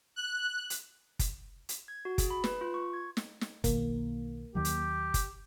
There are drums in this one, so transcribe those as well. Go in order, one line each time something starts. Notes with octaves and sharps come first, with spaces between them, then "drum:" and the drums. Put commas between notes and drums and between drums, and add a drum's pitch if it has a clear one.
F#6
drum: hi-hat
drum: kick, hi-hat
drum: hi-hat
G#6
F#4
G#4, drum: kick, hi-hat
B5
B4, drum: snare
F4
C#6
G#6
drum: snare
drum: snare
B1 B2 D#3 A#3, drum: kick, hi-hat
D#2 D#3 F#3 G4
drum: hi-hat
drum: kick, hi-hat